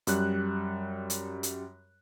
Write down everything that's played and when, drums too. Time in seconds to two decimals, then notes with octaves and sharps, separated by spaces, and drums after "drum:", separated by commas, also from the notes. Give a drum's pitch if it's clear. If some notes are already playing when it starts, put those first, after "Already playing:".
0.07 F#2 G3 F#6, drum: hi-hat
1.10 drum: hi-hat
1.43 drum: hi-hat